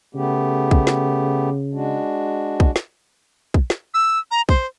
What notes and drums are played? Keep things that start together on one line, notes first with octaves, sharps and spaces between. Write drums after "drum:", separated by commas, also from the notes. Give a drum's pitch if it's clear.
C#3 A3 B3 G4
drum: kick
drum: snare
G#3 D4 F#4
drum: kick
drum: snare
drum: kick
drum: snare
E6
A#5
C5, drum: kick